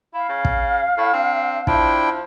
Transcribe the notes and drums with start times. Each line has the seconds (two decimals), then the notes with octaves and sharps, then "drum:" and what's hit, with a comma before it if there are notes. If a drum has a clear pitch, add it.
0.14 E4 F5
0.29 C#3
0.45 drum: kick
0.98 A2
1.13 C4 D4
1.67 F3 D4 E4 G5, drum: kick